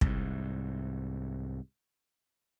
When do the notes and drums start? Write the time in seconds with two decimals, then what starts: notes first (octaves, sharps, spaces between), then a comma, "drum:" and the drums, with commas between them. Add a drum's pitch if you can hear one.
0.01 C2 G#2, drum: kick